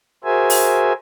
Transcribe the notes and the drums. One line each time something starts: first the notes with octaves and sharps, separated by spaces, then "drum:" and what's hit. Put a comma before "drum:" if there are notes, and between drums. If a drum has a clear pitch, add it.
F#4 G#4 A#4 C5 E5 G#5
drum: open hi-hat